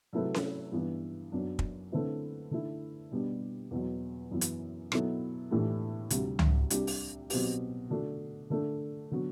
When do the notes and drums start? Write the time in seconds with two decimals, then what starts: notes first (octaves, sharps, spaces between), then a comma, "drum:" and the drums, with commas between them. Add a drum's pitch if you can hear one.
0.13 C3 F#3 A3 E4 B4
0.34 drum: snare C#4
0.72 G2 E3 B3
1.32 F#2 F#3 B3 D4
1.59 drum: kick
1.92 D3 A3 C4 E4 B4
2.51 D3 A3 E4
3.11 B2 G3 B3 D4
3.71 E2 B2 F#3
4.31 F#2 E3 B3
4.41 drum: hi-hat
4.92 B2 F#3 B3 E4 A4, drum: rim click
5.50 A2 E3 A3 D4 G4
6.10 D2 C3 G3, drum: hi-hat
6.39 drum: tom C#2
6.70 C2 C3 G3 D4 G4, drum: hi-hat
6.87 drum: open hi-hat
7.30 B2 F#3 C4 G4, drum: open hi-hat
7.90 D3 A3 D4 F#4
8.50 D3 A3 D4
9.11 D3 F#3 B3 F#4